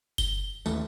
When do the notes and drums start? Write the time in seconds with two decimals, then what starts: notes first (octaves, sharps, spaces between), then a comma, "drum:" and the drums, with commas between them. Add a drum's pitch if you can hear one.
0.18 G7, drum: kick F#1, tambourine
0.66 D#2 E3 A3, drum: tambourine